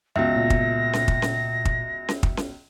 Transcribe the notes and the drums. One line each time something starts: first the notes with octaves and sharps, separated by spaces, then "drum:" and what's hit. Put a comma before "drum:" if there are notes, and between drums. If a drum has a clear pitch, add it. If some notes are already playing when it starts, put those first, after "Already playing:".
C#2 B2 E5 A#6
A#2
drum: kick
drum: snare C#4
drum: kick
drum: snare C#4
drum: kick
drum: snare C#4
drum: kick
drum: snare C#4